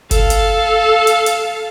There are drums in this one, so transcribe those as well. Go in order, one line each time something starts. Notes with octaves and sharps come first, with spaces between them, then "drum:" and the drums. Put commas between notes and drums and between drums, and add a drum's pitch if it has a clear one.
A4 F5, drum: kick F#1, hi-hat
drum: hi-hat
drum: hi-hat
drum: hi-hat